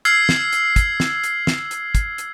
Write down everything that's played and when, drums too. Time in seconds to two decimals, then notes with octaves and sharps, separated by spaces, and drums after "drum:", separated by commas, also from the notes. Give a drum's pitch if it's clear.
0.05 E6 F6 G#6 C7, drum: hi-hat
0.29 drum: snare
0.53 drum: hi-hat
0.76 drum: kick, hi-hat
1.00 drum: snare
1.24 drum: hi-hat
1.47 drum: snare
1.71 drum: hi-hat
1.95 drum: kick, hi-hat
2.18 drum: hi-hat